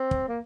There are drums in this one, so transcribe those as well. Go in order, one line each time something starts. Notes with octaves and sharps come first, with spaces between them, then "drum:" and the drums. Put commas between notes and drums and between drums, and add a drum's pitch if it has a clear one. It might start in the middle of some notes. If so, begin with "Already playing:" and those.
Already playing: C4
drum: kick
A#3